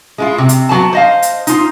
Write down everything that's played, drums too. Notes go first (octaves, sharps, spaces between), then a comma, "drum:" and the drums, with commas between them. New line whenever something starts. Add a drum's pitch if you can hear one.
G#3 E4 F4
C3
drum: hi-hat
F#3 B3 A5
C5 D#5 F5
drum: hi-hat
D#4 F4, drum: hi-hat